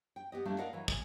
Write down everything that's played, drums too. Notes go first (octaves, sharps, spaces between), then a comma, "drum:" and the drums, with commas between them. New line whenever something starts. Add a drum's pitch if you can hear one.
G5
B3 G4 D#5
G3 A3 A#3 D4
A#4 D5 D#5 F5 F#5
E3 F#3
D#5 G#5, drum: kick